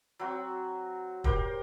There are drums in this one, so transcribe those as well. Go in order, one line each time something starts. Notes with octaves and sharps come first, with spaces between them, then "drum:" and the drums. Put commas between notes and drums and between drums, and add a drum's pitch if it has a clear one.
F#3 C4 F#4
G4 A#4 C5 G5, drum: kick